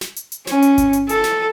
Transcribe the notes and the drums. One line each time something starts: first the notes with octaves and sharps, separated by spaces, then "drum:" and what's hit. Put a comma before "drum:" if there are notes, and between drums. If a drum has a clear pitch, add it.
drum: snare
drum: hi-hat
drum: hi-hat
C#4, drum: snare
drum: hi-hat
drum: kick G1, hi-hat
drum: hi-hat
A4, drum: hi-hat
drum: snare